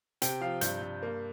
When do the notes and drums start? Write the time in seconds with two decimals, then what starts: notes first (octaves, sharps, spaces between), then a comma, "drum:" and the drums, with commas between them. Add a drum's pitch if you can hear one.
0.22 C3 G5, drum: hi-hat
0.41 F3 F5
0.61 G2 G6, drum: hi-hat
0.81 G2
1.02 A#3